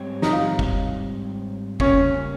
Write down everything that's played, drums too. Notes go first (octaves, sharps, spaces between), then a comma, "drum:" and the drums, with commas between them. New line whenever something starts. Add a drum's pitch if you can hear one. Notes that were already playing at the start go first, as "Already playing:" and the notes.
Already playing: G#2 G3 C4 G4 C#5
D#4, drum: snare
F4
drum: kick
C#3 G3 A#3 C#4 F4 A#4, drum: kick